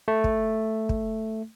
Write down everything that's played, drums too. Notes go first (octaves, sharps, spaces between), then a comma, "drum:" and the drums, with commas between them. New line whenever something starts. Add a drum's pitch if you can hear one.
A3
drum: kick
drum: kick